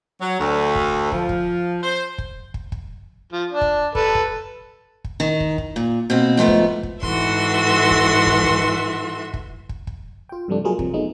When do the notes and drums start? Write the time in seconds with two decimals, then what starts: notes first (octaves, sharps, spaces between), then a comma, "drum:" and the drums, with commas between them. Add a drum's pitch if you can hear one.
0.21 F#3
0.39 D2
0.75 drum: kick
1.12 F3, drum: kick
1.29 drum: kick
1.82 C5
2.18 drum: kick
2.54 drum: kick
2.72 drum: kick
3.32 F3
3.52 D4
3.61 drum: kick
3.95 A4 B4, drum: kick
4.15 drum: kick
5.04 drum: kick
5.20 D#3
5.40 drum: kick
5.58 drum: kick
5.76 A#2
6.10 B2 A#3 C4
6.37 G#2 F3 A3 B3
6.48 drum: kick
6.83 drum: kick
7.03 G#2 E3 F#4 A4 E5 C6, drum: kick
7.91 drum: kick
8.26 drum: kick
8.44 drum: kick
9.34 drum: kick
9.69 drum: kick
9.87 drum: kick
10.29 F4 G5
10.48 G2 C3 F3 G3 A3 D4
10.64 F#3 G#3 A#3 F4 G#4 A#4
10.79 C3 F3, drum: kick
10.93 F#3 G#3 A3 B3 D#4